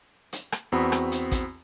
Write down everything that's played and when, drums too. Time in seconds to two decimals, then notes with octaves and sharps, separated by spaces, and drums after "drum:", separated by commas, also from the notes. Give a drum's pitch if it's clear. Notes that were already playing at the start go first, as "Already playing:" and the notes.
0.33 drum: hi-hat
0.52 drum: rim click
0.72 E2 C4 F#4 B5 D#6
0.92 drum: rim click
1.12 drum: hi-hat
1.32 drum: kick A1, hi-hat